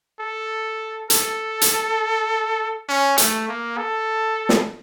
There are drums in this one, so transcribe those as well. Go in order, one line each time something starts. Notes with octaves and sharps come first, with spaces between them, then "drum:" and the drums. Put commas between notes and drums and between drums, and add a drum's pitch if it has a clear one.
A4
A4, drum: hi-hat
drum: hi-hat
C#4
A3, drum: hi-hat
A#3
A4
drum: snare